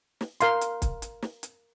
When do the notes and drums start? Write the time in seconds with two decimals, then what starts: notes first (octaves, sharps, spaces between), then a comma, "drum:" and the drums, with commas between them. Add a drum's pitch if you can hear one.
0.21 drum: snare
0.41 A#4 F5 C6, drum: hi-hat
0.61 drum: hi-hat
0.82 drum: kick, hi-hat
1.02 drum: hi-hat
1.22 drum: snare
1.43 drum: hi-hat